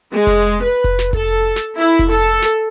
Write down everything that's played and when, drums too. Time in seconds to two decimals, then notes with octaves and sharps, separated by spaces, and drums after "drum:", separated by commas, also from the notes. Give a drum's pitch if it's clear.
0.13 G#3
0.27 drum: kick F1, hi-hat
0.41 drum: hi-hat
0.63 B4
0.84 drum: kick F1, hi-hat
0.99 drum: snare
1.13 A4, drum: kick F1, hi-hat
1.27 drum: hi-hat
1.56 drum: snare
1.78 E4
1.99 drum: kick F1, hi-hat
2.11 A4, drum: hi-hat
2.28 drum: hi-hat
2.42 drum: snare